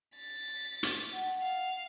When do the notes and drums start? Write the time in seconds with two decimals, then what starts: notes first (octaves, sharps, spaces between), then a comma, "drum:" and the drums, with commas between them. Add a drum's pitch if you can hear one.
0.16 A6 B6
0.83 drum: hi-hat
1.13 F#5
1.43 F5